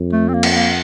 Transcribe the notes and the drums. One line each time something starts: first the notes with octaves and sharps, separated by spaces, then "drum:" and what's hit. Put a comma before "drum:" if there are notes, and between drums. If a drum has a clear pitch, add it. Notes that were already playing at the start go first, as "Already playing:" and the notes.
Already playing: F2
A3
C4
A#3
drum: cymbal
A#3